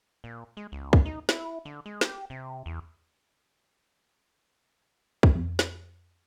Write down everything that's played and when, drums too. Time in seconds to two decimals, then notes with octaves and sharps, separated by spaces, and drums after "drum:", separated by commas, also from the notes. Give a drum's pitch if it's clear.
0.24 A#2
0.57 G#3
0.72 C#2
0.93 drum: kick
1.05 D#4
1.29 E4, drum: snare
1.65 D3
1.86 G#3
2.01 G4, drum: snare
2.30 C3
2.66 E2
5.23 drum: kick
5.35 F2
5.59 drum: snare